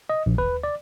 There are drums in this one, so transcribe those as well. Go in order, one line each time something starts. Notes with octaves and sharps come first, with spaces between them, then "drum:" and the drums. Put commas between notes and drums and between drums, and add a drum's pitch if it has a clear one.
D#5
A#1
B4, drum: kick D#2
D5